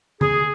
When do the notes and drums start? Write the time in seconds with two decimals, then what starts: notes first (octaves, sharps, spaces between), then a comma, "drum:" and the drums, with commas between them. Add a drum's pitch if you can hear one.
0.21 G#4, drum: tom D3